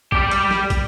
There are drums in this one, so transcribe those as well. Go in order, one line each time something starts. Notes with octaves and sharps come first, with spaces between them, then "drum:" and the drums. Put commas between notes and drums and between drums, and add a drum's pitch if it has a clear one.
G3 G4, drum: kick
drum: hi-hat
drum: snare
drum: kick, hi-hat